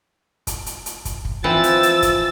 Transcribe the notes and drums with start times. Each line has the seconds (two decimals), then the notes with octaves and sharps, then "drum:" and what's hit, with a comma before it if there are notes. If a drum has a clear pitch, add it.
0.47 drum: kick, hi-hat
0.66 drum: hi-hat
0.86 drum: hi-hat
1.05 drum: kick, hi-hat
1.25 drum: kick
1.44 E3 F3 C4 E6 A6
1.64 drum: hi-hat
1.83 drum: hi-hat
2.02 drum: kick, hi-hat